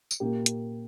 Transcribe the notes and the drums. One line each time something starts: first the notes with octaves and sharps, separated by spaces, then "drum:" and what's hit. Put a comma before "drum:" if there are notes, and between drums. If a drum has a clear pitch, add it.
drum: tambourine
A#2 A#3 G4
drum: hi-hat